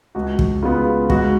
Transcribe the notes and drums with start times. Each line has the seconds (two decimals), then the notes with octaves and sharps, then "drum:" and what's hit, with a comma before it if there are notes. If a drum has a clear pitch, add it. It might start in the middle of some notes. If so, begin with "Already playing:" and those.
0.15 C#2 F#4
0.39 drum: kick
0.62 C#3 G#3 B3 F4
1.10 G#2 F#4, drum: kick